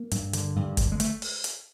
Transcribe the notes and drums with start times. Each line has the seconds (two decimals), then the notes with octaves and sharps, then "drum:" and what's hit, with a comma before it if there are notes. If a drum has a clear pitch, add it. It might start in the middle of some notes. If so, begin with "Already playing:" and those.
Already playing: A#3
0.11 G2, drum: hi-hat
0.33 D3, drum: hi-hat
0.56 G2
0.77 D3, drum: kick G1, hi-hat
0.92 G#3
1.00 A3, drum: hi-hat
1.22 drum: open hi-hat
1.44 drum: hi-hat